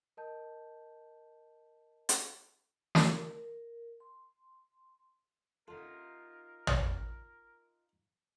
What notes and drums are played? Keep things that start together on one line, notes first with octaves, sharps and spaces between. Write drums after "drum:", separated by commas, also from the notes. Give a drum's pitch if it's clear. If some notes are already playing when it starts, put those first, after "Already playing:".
A#4 D#5 A5 G6
drum: hi-hat
drum: snare
A#4
C6
D3 D#4 F4 A4 A#4
drum: tom